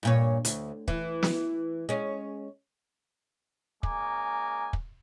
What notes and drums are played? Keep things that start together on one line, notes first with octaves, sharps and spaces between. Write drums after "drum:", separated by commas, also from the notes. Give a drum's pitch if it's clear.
G2 A#2 C#5
D2, drum: hi-hat
E3, drum: kick
drum: snare
G#3 C#4
G#3 A#3 C#4 G#5 A#5 D6, drum: kick
drum: kick